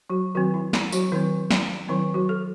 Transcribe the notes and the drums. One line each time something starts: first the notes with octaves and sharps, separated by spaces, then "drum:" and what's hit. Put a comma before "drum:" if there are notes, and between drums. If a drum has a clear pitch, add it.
F#3 F#4
D#3 F#3 C4 F#4
E4
E4, drum: snare
F#3 F#4, drum: tambourine
D#3 F#3 C4 E4
E4, drum: snare
D#3 F#3 C4 E4
F#3 F#4
A4